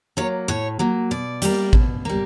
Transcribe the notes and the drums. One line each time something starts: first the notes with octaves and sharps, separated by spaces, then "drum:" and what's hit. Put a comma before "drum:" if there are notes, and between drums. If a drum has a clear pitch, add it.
F#3 A#3 C#5
A2 C#5
F#3 A#3
B2 D5
G3 A#3, drum: hi-hat
B2, drum: kick A1
G3 A#3